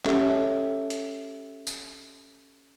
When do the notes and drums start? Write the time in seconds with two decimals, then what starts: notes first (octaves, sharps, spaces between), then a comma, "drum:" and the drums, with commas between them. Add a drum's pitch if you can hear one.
0.05 C#4 G4 A4 E5, drum: clap
0.90 drum: hi-hat
1.67 drum: tambourine